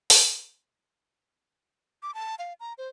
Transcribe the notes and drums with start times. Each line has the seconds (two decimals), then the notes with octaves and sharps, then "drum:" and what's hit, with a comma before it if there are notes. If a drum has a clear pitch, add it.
0.10 drum: open hi-hat
2.03 D6
2.14 A5
2.39 F5
2.60 A#5
2.78 C5